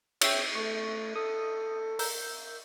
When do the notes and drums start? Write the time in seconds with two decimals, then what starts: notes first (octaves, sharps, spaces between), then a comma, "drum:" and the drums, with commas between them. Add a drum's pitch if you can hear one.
0.21 C#5 E5 G5, drum: cymbal
0.55 A3 C#6
1.16 A4 D#6
1.99 A#4 E6 G6, drum: open hi-hat